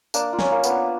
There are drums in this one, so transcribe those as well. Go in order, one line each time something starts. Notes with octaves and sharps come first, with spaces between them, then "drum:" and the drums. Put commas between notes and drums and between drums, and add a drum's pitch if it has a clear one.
A#3 D4 D5, drum: tambourine
F4
C#4 C#5, drum: snare
A#3
B3 B4, drum: tambourine
D4